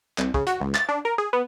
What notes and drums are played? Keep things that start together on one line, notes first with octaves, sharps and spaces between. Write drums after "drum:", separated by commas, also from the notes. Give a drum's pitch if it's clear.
C2, drum: clap
C#3, drum: kick
F#4, drum: hi-hat
C#2
A6, drum: clap
D4
A#4
G#4
B3